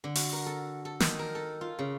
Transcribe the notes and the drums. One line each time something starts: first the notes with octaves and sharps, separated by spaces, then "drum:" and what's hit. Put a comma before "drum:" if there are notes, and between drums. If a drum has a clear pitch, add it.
D3
F#4, drum: open hi-hat
A#4
A4
A4
D#3, drum: snare
A#4
A4
F4
C#3